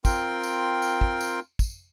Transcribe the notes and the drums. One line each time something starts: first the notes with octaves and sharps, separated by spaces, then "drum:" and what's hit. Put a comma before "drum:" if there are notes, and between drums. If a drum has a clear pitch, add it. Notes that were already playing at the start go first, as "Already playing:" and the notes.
C4 F4 A#4 G5 C6, drum: kick, tambourine
drum: tambourine
drum: tambourine
drum: kick
drum: tambourine
drum: kick, tambourine